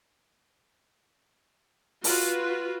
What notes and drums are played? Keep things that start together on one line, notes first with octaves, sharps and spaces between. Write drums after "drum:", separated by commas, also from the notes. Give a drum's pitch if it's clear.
F4 F#4 B4, drum: open hi-hat